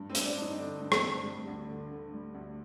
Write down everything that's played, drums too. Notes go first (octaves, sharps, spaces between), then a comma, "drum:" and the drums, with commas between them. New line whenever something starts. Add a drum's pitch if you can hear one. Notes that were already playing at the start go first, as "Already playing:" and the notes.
Already playing: G2
C4
G2, drum: hi-hat
D4
G2
D#4
D3 D4
G2
C4, drum: rim click
G2
G3
D2
D3
D3
G3
D2